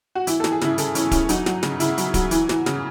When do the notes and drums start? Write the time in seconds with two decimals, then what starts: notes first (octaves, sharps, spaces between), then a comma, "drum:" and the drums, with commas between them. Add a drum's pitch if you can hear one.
0.15 F#4
0.27 E3 E4, drum: hi-hat
0.40 A4
0.44 E3, drum: snare
0.52 G#4
0.61 C#3 E4, drum: snare
0.78 C#3 A4, drum: hi-hat
0.95 E3 C#4, drum: hi-hat
1.11 E3 C#4, drum: kick D1, hi-hat
1.29 F#3 D#4, drum: hi-hat
1.46 F#3, drum: snare
1.63 C#3, drum: snare
1.80 C#3 E4, drum: hi-hat
1.98 F#3, drum: hi-hat
2.14 F#3, drum: kick D1, hi-hat
2.31 E3, drum: hi-hat
2.49 E3, drum: snare
2.66 C#3, drum: snare